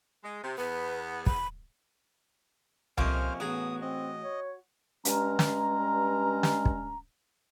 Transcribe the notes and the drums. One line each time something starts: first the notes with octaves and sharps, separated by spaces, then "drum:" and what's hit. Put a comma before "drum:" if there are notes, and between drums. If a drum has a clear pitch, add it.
G#3
C3
E2 B3 B4
B5, drum: kick
F2 C3 A#3 C#4 C5 D#5 F6, drum: tom C2
A1 B3 F#4 G#4 A#5 D#6
C4 D#5
C#5
G2 G#3 C#4 A#5, drum: hi-hat
drum: snare
drum: snare
drum: kick